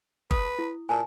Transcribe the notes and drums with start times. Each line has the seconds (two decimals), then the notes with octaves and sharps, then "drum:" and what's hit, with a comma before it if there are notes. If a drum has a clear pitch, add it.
0.31 B4 D#6, drum: kick G1
0.59 E4
0.89 A#2 G#5 A5